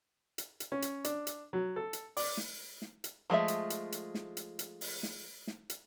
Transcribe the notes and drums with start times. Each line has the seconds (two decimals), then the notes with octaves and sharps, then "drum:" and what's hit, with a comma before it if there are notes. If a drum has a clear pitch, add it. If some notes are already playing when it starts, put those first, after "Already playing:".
0.38 drum: hi-hat
0.60 drum: hi-hat
0.72 C#4
0.82 drum: hi-hat
1.04 D4, drum: hi-hat
1.27 drum: hi-hat
1.53 F#3
1.76 A4
1.93 drum: hi-hat
2.17 D5, drum: open hi-hat
2.37 drum: snare
2.82 drum: snare
3.04 drum: hi-hat
3.30 F3 G#3 A3 E5
3.48 drum: hi-hat
3.70 drum: hi-hat
3.92 drum: hi-hat
4.15 drum: snare
4.37 drum: hi-hat
4.59 drum: hi-hat
4.81 drum: open hi-hat
5.03 drum: snare
5.47 drum: snare
5.70 drum: hi-hat